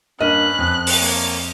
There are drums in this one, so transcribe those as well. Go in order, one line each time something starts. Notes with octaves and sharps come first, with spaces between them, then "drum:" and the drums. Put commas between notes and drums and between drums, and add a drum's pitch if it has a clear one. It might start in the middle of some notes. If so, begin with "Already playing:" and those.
G2 A#3 C#4 B4 D#5 F6 F#6
F2
drum: open hi-hat
A#3 C#5